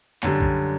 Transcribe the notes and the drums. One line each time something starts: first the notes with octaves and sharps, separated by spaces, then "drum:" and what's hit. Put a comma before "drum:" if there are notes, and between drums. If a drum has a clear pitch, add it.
F#2 D3 G3, drum: clap
drum: kick B1